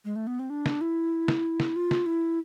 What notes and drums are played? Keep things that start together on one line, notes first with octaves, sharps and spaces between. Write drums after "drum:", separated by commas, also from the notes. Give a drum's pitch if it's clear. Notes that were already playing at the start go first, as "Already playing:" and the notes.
G#3
A3
B3
C4
D4
drum: snare
E4
drum: snare
drum: snare
F4
drum: snare
E4